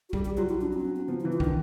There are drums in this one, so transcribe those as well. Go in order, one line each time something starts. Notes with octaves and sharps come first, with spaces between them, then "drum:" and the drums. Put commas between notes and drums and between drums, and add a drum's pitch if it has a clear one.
F#4
G3 G4, drum: kick
G4
F#3 F4
E4
D4
C#4
C4
C#4
C4
F3 B3
E4
E3
F4
D#3 D4, drum: kick